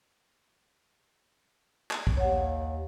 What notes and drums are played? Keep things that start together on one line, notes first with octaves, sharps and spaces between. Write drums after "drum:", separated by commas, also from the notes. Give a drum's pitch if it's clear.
drum: clap
drum: kick
D#2 C#5 F#5